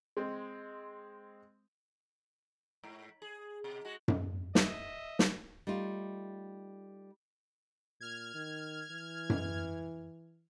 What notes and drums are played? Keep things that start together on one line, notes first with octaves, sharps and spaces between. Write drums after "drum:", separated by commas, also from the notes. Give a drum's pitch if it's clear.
G#3 C4
G#2
G#4
B2
G#3 F#4
drum: tom F#2
D#5 E5, drum: snare
drum: snare
G3 A3 D#4 F4
A#2 F6 G#6
D#3
E3
drum: tom F#2